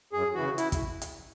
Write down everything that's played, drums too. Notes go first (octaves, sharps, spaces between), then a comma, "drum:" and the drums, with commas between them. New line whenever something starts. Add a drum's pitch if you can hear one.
F#2 G#4
C#3 E3 F#4
E4, drum: hi-hat
drum: kick, hi-hat
drum: hi-hat